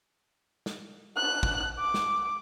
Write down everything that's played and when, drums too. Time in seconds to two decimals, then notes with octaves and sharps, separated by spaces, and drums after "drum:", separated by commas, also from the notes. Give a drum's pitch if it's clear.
0.66 drum: snare
1.17 F#6
1.43 drum: kick
1.79 D6
1.94 drum: snare